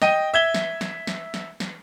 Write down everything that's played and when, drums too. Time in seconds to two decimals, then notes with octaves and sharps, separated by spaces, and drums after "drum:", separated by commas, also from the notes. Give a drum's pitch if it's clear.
0.02 D#5 G5 D#7, drum: snare
0.34 E5 G#6 G7
0.54 drum: snare
0.81 drum: snare
1.07 drum: snare
1.34 drum: snare
1.60 drum: snare